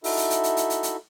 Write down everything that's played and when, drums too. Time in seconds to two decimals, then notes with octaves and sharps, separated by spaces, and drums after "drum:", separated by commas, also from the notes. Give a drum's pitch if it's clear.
0.04 D#4 E4 F#4 A4 E5, drum: open hi-hat
0.17 drum: hi-hat
0.30 drum: hi-hat
0.43 drum: hi-hat
0.57 drum: hi-hat
0.70 drum: hi-hat
0.83 drum: hi-hat